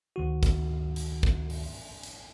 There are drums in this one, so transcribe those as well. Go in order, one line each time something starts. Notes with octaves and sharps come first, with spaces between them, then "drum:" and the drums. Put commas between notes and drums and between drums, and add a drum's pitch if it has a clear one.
D2 D#3 F#4
drum: kick, hi-hat
drum: hi-hat
drum: kick
drum: open hi-hat
drum: hi-hat